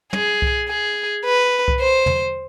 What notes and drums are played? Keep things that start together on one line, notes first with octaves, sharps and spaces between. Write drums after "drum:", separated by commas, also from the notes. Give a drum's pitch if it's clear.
G#4, drum: tom
drum: kick C2
G#4
B4
drum: kick C2
C5
drum: tom E2